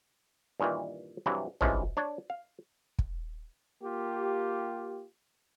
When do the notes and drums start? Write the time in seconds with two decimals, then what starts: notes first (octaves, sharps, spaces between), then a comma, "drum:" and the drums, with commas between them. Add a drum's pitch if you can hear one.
0.60 G2 A#2 D#3 E3
1.26 G2 C3 E3 F#3
1.61 G2 C3 E3 F3 G#3 C#4, drum: tom
1.97 D4 C#5 D5
2.30 F5
2.99 drum: kick
3.82 A#3 F4 G4